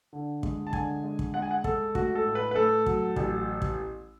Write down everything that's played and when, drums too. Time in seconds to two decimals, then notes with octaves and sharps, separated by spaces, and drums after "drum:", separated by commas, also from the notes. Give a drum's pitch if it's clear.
0.13 D3
0.43 G#3, drum: kick
0.67 A5
0.73 D3 G#5, drum: kick
1.04 G#3
1.19 drum: kick
1.34 G#3 F#5
1.42 G#5
1.51 F#5
1.64 G#3 A4, drum: kick
1.95 A3 F#4, drum: kick
2.15 A4
2.25 A2
2.35 B4
2.51 B4
2.55 A3 A4
2.86 F#3, drum: kick
3.16 A1, drum: kick
3.62 drum: kick